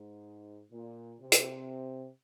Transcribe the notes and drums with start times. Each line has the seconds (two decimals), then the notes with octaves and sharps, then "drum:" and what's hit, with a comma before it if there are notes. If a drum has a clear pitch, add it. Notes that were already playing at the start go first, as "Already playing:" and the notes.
Already playing: G#2
0.71 A#2
1.20 C3
1.32 drum: hi-hat